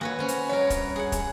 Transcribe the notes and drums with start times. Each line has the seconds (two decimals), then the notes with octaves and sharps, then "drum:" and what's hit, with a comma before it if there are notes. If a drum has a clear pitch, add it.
0.01 D#3 A#3 F#4 B4 C#5 G#5
0.19 C#4 F#4 C5
0.28 drum: hi-hat
0.49 G2 E3 A#4 B4 C#5
0.70 drum: kick, hi-hat
0.96 G#4 F#5
1.12 drum: kick, hi-hat